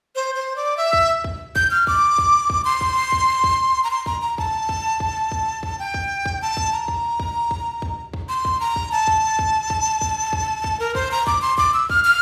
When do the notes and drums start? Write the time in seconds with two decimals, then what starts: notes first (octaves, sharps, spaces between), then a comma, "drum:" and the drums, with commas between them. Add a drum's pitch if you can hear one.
0.15 C5
0.35 C5
0.56 D5
0.77 E5
0.93 drum: kick
1.24 drum: kick
1.56 G6, drum: kick
1.71 F6
1.87 D6, drum: kick
2.18 drum: kick
2.50 drum: kick
2.65 C6
2.81 drum: kick
3.12 drum: kick
3.44 drum: kick
3.84 A#5
3.91 C6
4.06 A#5, drum: kick
4.21 A#5
4.38 A5, drum: kick
4.69 drum: kick
5.00 drum: kick
5.32 drum: kick
5.63 drum: kick
5.79 G5
5.94 drum: kick
6.26 drum: kick
6.42 A5
6.57 drum: kick
6.73 A#5
6.88 drum: kick
7.20 drum: kick
7.51 drum: kick
7.82 drum: kick
8.13 drum: kick
8.29 C6
8.45 drum: kick
8.60 A#5
8.76 drum: kick
8.92 A5
9.07 drum: kick
9.39 drum: kick
9.70 drum: kick
10.01 drum: kick
10.33 drum: kick
10.64 drum: kick
10.80 A#4
10.95 C5, drum: kick
11.11 A#5
11.27 D6, drum: kick
11.42 C6
11.58 D6, drum: kick
11.74 E6
11.90 F6, drum: kick
12.05 F6